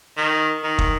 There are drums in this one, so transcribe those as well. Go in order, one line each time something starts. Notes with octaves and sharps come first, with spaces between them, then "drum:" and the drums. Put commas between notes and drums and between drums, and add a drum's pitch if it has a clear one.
D#3
D#3
drum: kick